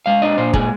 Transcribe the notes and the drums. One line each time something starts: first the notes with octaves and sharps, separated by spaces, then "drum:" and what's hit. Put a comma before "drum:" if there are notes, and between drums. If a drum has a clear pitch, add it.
G#3 F5
D4 D#5
A#2 C5
G#3 G#4, drum: kick